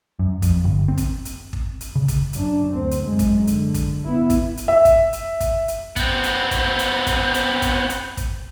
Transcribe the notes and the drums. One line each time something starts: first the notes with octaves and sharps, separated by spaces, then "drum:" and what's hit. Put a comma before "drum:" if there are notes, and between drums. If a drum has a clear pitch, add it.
F#2
F2, drum: kick, hi-hat
G1
C4
drum: kick, hi-hat
drum: hi-hat
drum: kick
drum: hi-hat
C#3
drum: kick, hi-hat
F#2 D4, drum: hi-hat
D2 C4
drum: hi-hat
F#2 G#3
drum: kick, hi-hat
D3, drum: hi-hat
drum: kick, hi-hat
B3 E4
drum: kick, hi-hat
drum: hi-hat
E5
drum: kick, hi-hat
drum: hi-hat
drum: kick, hi-hat
drum: hi-hat
B3 C4, drum: kick, hi-hat
drum: hi-hat
drum: kick, hi-hat
drum: hi-hat
drum: kick, hi-hat
drum: hi-hat
drum: kick, hi-hat
drum: hi-hat
drum: kick, hi-hat